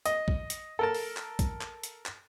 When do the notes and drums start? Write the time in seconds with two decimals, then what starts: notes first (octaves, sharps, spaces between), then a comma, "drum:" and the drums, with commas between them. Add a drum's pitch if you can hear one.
0.06 D#5, drum: hi-hat
0.28 drum: kick A#1
0.50 drum: hi-hat
0.79 A4 A#4 A5
0.95 drum: open hi-hat
1.17 drum: clap
1.39 drum: kick A#1, hi-hat
1.61 drum: clap
1.84 drum: hi-hat
2.06 drum: clap